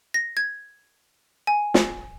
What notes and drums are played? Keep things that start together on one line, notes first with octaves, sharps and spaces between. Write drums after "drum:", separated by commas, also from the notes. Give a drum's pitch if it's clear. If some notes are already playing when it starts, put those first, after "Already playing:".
A#6
G#6
G#5
drum: snare